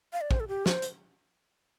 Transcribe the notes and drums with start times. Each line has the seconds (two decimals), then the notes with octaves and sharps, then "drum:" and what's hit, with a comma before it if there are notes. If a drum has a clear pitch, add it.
0.13 F5
0.21 D5
0.31 C5, drum: kick
0.40 A4
0.48 G4
0.66 C5, drum: snare
0.82 drum: hi-hat